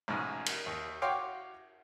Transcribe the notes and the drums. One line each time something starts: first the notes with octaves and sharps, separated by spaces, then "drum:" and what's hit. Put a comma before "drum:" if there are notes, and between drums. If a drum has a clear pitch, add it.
A1 G#2 B2
drum: cymbal
D#2
F#4 C#5 F5 G5 C6 D6